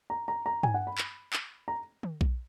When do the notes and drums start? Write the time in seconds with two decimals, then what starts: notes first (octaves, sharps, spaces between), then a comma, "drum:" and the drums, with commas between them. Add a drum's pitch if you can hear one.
0.10 A#5
0.28 A#5
0.46 A#5
0.63 G#5, drum: tom
0.74 F#5
0.87 B5
0.98 drum: clap
1.33 drum: clap
1.68 A#5
2.03 drum: tom
2.21 drum: kick B1